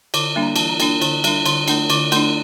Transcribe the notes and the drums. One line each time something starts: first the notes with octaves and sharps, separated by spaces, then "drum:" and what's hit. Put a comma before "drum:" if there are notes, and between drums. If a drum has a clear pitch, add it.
D3 D6, drum: cymbal
G3 A#3 D4
A#5
E3 A5, drum: cymbal
A#5
A#3 D4, drum: cymbal
D3, drum: cymbal
G3 D4, drum: cymbal
D3 C6, drum: cymbal
A3 D4, drum: cymbal
D3 D6, drum: cymbal
A3 D4 C6, drum: cymbal